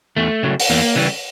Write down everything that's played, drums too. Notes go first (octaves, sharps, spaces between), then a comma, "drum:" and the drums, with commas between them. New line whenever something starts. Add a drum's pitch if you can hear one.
E2 A3
C#3 F#3
drum: open hi-hat
E2 A#3
C#3 E3 G3